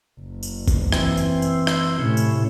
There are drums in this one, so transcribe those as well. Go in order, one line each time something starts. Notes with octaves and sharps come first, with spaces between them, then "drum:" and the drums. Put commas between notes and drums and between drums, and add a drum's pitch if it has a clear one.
F#1
drum: tambourine
drum: kick G#1, tambourine
E3 C4, drum: rim click
drum: tambourine
drum: tambourine
drum: rim click
A2 C3 C#4 E4
drum: tambourine